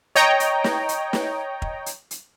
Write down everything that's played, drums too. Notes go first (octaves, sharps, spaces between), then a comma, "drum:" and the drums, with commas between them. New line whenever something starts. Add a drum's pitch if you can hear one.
C#5 D#5 G5 A#5, drum: hi-hat
drum: hi-hat
drum: snare
drum: hi-hat
drum: snare
drum: kick
drum: hi-hat
drum: hi-hat